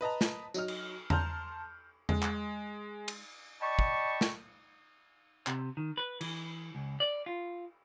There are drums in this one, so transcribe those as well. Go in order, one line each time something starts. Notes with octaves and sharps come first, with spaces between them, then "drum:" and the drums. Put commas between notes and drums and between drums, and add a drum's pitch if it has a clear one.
B4 D#5 A5 A#5
drum: snare
F#3 D#4 F6, drum: tambourine
drum: cymbal
A5 A#5 C6 F6 G6, drum: tom E2
G#3, drum: tom E2
drum: clap
drum: cymbal
D5 D#5 G5 A5 B5 C#6
drum: kick
drum: snare
C3, drum: clap
D#3
B4
E3, drum: cymbal
C#2
D5
F4